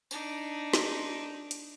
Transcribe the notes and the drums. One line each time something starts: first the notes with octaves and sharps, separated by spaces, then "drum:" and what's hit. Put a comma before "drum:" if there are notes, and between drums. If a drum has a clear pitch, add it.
D4 D#4, drum: tambourine
drum: snare
drum: hi-hat